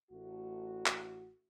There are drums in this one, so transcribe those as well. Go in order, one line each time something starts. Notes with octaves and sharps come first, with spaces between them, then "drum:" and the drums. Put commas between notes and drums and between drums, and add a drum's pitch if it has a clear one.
A1 A3 F#4
drum: clap